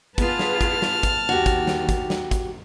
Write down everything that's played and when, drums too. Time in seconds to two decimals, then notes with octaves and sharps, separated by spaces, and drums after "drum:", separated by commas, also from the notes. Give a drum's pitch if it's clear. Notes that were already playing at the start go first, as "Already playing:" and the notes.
0.18 B3 F4 G#4 B4 A5 F6, drum: kick, hi-hat
0.39 drum: snare
0.61 drum: kick, hi-hat
0.82 drum: snare
1.03 drum: kick, hi-hat
1.29 D#2 F#4 G4
1.46 drum: kick, hi-hat
1.67 drum: snare
1.89 drum: kick, hi-hat
2.10 drum: snare
2.31 drum: kick, hi-hat